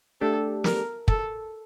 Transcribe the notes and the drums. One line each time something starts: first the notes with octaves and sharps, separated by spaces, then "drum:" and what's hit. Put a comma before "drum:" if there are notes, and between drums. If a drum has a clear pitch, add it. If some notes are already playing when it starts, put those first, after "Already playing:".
A3 D4 G4 A4
A#4, drum: snare
A4, drum: kick